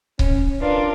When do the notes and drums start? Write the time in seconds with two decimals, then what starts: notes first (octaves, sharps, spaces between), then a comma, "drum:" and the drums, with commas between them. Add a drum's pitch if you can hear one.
0.19 C#4, drum: kick C#1
0.61 D4 F4 A#4 B4